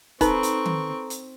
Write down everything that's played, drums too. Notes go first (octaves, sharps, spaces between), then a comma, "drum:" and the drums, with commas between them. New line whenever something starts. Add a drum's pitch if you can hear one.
C4 D#4 A4 B4 A#5 C#6, drum: kick, hi-hat
drum: hi-hat
drum: tom D#3
drum: hi-hat